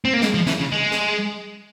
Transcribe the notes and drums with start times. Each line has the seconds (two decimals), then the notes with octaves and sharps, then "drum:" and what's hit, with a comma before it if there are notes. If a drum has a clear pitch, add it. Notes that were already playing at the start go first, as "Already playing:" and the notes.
0.05 C4
0.13 A#3
0.22 G#3, drum: snare
0.34 F3
0.47 E3, drum: snare
0.59 C#3
0.72 G#3
0.92 drum: snare